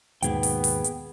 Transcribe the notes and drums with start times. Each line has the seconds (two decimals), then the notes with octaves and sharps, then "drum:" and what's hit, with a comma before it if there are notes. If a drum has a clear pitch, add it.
0.22 D#2 G#2 B2 B3 G#4 G5, drum: hi-hat
0.43 drum: open hi-hat
0.64 drum: open hi-hat
0.84 drum: hi-hat